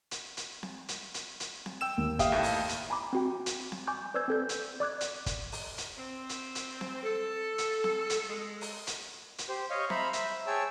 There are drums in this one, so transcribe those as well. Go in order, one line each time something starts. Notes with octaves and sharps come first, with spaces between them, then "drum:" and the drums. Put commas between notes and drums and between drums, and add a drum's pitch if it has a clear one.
drum: hi-hat
drum: hi-hat
drum: snare C4
drum: hi-hat
drum: hi-hat
drum: hi-hat
drum: snare C4
G5 E6 E7
D#2
G4 E5 F5 G5 D#6, drum: kick, hi-hat
D#2 A2
drum: open hi-hat
drum: hi-hat
G#5 A#5 B5 D6
C4 F#4 G5
drum: hi-hat
drum: snare C4
G#5 C#6 D6 G6
B4 C5 D5 E6 G6 G#6
C4 A4 G6
drum: hi-hat
D5 D6 F#6 G#6
drum: hi-hat
drum: kick, hi-hat
drum: open hi-hat
drum: hi-hat
C4
drum: hi-hat
drum: hi-hat
drum: snare C4
A4
drum: hi-hat
drum: snare C4
drum: hi-hat
G#3
drum: open hi-hat
drum: hi-hat
drum: hi-hat
G4 C5
C#5 D#5 F5 C#6
C5 E5 A#5 B5, drum: snare C4
E5, drum: hi-hat
G#4 C#5 G5 A5 E6